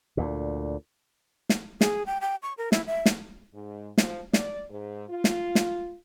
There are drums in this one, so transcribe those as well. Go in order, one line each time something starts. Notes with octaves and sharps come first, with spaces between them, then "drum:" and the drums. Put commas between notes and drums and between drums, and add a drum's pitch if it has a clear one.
D2 A#2
drum: snare
G#4, drum: snare
G5
G5
C#6
A#4
E4, drum: snare
E5
drum: snare
G#2
F3, drum: snare
D5, drum: snare
G#2
F4
drum: snare
drum: snare